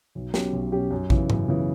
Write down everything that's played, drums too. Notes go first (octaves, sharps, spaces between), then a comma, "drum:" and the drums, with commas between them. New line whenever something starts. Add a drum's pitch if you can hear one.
B1
B2 F#3 C#4 G4, drum: snare
B1
B2 F#3 C#4 G4
F#2
C#3 E3, drum: kick A#1
F#2, drum: tom G#2
C#3 E3